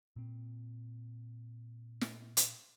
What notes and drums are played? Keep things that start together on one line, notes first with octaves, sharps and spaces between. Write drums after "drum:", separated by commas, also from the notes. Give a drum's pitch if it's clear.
A#2 C4
drum: snare
drum: hi-hat